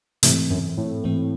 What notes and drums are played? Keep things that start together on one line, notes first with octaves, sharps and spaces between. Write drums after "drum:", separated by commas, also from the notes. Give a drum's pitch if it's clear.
G#2 C3 E3 A3 C4, drum: hi-hat
F#2
A2
G#2 E3 A3 C4